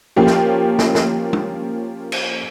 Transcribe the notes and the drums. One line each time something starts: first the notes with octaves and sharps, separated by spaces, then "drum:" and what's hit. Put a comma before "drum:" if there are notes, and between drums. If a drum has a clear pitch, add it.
F3 A#3 C#4 G4
drum: snare
drum: snare
drum: snare
drum: tom
drum: cymbal